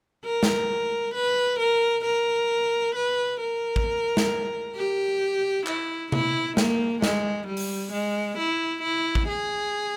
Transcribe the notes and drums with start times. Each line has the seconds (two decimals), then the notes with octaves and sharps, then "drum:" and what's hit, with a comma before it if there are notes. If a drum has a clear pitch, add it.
0.25 A#4
0.43 drum: snare
1.15 B4
1.59 A#4
2.05 A#4
2.96 B4
3.41 A#4
3.76 drum: kick
4.17 drum: snare
4.76 G4
5.66 E4, drum: clap
6.12 E4, drum: tom C3
6.57 A#3, drum: snare
7.02 G#3, drum: snare
7.47 G3
7.57 drum: open hi-hat
7.92 G#3
8.38 E4
8.83 E4
9.15 drum: kick
9.28 G#4